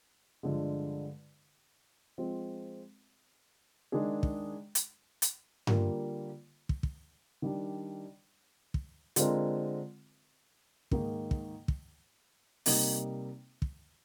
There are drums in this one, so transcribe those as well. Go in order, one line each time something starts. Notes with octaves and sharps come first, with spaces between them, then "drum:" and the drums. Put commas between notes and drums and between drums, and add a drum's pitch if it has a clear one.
G2 D3 F3 G#3
F3 G#3 C4
D#3 G#3 D4 G#4
drum: kick
drum: hi-hat
drum: hi-hat
D3 G3 A#3 F4 A#4, drum: tom G2
drum: kick
drum: kick
D#3 G3 D4
drum: kick
D3 G#3 C4 F4 A#4, drum: hi-hat
G#2 D#3 A#3, drum: kick
drum: kick
drum: kick
C3 G3 A#3 D#4, drum: open hi-hat
drum: kick